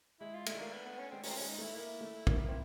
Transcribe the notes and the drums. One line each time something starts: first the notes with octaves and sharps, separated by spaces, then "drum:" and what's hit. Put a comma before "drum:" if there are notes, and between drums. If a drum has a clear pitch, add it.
G#3 E4
F4
A3 E4, drum: cymbal
G#3
A3 A#3
B3
B3
C#4
G#3 C4
A3 C#4, drum: open hi-hat
C4
G#3 C#4
D#4
A3 E4
A#3 E4
A3
A#3, drum: kick
C4